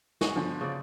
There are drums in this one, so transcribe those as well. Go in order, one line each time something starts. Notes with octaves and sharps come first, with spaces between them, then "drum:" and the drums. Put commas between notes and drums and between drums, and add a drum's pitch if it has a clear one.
F#4 G#5, drum: snare
G1 D3 F3
C#3 D5